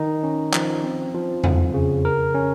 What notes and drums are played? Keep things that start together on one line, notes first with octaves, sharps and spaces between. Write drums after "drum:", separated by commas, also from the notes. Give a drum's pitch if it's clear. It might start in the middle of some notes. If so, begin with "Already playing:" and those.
Already playing: D#3 D#4
C#4
F3, drum: clap
C4
F3
F2, drum: tom E2
C#3
A#4
C#4